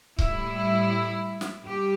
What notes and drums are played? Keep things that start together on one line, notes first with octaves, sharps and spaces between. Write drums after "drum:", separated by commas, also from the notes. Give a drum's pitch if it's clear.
A2 G3 E4, drum: kick C#1
drum: snare
G3 G4